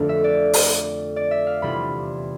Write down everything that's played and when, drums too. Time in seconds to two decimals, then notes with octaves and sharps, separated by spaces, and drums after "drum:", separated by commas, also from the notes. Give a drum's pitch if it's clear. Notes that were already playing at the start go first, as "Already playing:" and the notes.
Already playing: F2 D3 A3 D4
0.09 E5
0.24 D5
0.54 drum: open hi-hat
1.16 D5
1.31 E5
1.47 F5
1.62 E2 C3 G3 D4 F4 B5